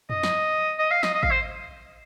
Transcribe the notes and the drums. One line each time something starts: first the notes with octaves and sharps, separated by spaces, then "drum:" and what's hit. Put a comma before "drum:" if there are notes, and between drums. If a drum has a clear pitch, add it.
D#5, drum: tom
drum: snare
D#5
F5
D#5, drum: snare
D#5
F5, drum: kick A1
C5